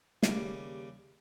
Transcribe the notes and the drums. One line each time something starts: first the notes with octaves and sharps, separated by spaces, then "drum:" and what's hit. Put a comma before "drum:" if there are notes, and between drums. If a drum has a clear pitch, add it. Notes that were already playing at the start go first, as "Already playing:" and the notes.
D#2 C#3 G3, drum: snare